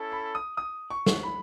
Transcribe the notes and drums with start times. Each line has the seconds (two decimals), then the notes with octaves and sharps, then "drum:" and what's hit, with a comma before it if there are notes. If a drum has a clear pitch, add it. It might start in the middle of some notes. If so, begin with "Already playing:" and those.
Already playing: C#4 E4 A4
0.12 B5
0.35 D#6
0.57 D#6
0.90 C#6
1.06 drum: snare
1.23 B5